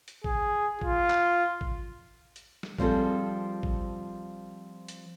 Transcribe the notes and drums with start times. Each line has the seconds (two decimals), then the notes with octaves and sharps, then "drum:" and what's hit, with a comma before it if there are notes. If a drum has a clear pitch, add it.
0.08 drum: hi-hat
0.24 G#4, drum: kick A1
0.81 F4, drum: kick A1
1.10 drum: clap
1.61 drum: kick A1
2.36 drum: hi-hat
2.63 drum: snare
2.78 F3 G3 C4 G#4 A4, drum: kick A1
3.63 drum: kick A1
4.88 drum: hi-hat